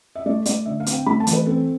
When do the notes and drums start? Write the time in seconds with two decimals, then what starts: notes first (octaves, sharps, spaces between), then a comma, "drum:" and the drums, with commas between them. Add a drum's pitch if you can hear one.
0.15 E5
0.26 A3 D5
0.46 A3 D5, drum: hi-hat
0.66 D3 E5
0.80 F5
0.86 C4, drum: hi-hat
0.93 G5
1.06 A3 B5
1.20 A5
1.27 E3, drum: hi-hat
1.33 B4
1.46 C4 A4